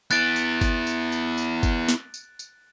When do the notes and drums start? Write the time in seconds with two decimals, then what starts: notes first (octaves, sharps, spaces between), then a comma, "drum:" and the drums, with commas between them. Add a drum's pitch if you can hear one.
0.11 B3 E4 F#6 A6 D7, drum: tambourine
0.36 drum: tambourine
0.61 drum: kick G1, tambourine
0.87 drum: tambourine
1.12 drum: tambourine
1.38 drum: tambourine
1.63 drum: kick G1, tambourine
1.88 drum: snare
2.14 drum: tambourine
2.39 drum: tambourine